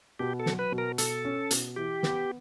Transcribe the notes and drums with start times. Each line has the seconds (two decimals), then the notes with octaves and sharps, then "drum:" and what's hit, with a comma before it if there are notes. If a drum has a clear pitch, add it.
0.19 B2 G4
0.40 A4
0.46 F#3, drum: snare
0.59 B4
0.72 B2
0.78 A#4
0.98 B2 A4, drum: hi-hat
1.25 C#4
1.51 B2, drum: hi-hat
1.76 E3 G4
2.03 B3, drum: snare